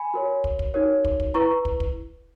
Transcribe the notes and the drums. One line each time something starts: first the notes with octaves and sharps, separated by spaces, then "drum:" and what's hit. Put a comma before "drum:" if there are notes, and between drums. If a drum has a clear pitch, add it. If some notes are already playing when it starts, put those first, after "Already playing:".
Already playing: G#5 B5
F#4 A#4 C#5
drum: kick
drum: kick
D#4 F#4 A#4 C#5
drum: kick
drum: kick
E4 B4 A#5 C#6
drum: kick
drum: kick